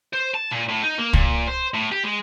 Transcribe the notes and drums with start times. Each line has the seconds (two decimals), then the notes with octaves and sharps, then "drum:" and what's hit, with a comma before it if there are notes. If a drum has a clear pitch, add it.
0.13 C5
0.35 A5
0.52 A#2
0.69 A2
0.84 D#4
0.98 A#3
1.13 A#2, drum: kick
1.48 C5
1.74 A2
1.92 G4
2.04 G#3